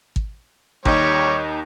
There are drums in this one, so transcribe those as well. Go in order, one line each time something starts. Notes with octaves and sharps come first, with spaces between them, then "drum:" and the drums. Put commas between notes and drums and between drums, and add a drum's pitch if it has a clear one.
drum: kick
D#2 G3 D#4 C#5, drum: kick